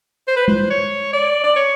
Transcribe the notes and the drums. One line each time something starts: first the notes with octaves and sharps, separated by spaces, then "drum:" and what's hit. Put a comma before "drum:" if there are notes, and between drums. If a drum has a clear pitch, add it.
C5
B4
C5, drum: tom G#3
C#5
D5
D5
C#5